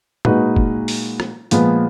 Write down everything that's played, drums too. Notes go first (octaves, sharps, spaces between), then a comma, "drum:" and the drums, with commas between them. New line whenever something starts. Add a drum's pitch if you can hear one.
A#2 G#3 D#4 F#4 B4, drum: tom
drum: kick
drum: open hi-hat
drum: rim click
A#2 F3 G#3 B3, drum: hi-hat